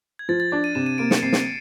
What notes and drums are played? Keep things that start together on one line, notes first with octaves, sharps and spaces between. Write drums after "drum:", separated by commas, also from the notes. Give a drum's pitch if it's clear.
G#6
F3 A6
A6
D4 A6
D#7
C3 E7
D#7
A#3 D7
C#7, drum: snare
C3 C7
drum: snare